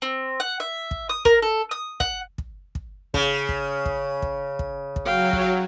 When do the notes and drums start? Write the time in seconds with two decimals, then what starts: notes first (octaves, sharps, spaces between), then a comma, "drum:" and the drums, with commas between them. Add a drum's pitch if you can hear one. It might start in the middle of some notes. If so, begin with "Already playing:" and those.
0.02 C4
0.40 F#5
0.60 E5
0.91 drum: kick
1.09 D#6
1.25 A#4, drum: kick
1.42 A4
1.71 D#6
2.00 F#5, drum: kick
2.38 drum: kick
2.75 drum: kick
3.14 C#3, drum: kick
3.49 drum: kick
3.86 drum: kick
4.22 drum: kick
4.59 drum: kick
4.96 drum: kick
5.05 F#3 F5 G5
5.33 drum: kick